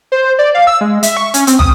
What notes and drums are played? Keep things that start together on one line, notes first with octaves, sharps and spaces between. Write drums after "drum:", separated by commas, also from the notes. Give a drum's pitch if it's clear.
C5
D5
F5
E6
G#3
E5, drum: hi-hat
C#6
C#4, drum: hi-hat
C4, drum: hi-hat
D#6, drum: tom